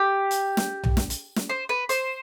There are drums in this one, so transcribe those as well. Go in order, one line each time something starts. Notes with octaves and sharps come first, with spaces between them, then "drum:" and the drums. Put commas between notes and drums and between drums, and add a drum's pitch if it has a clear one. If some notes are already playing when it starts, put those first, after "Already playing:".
Already playing: G4
drum: hi-hat
drum: snare
drum: tom B1
drum: snare
drum: hi-hat
drum: snare
C5
B4
C5, drum: hi-hat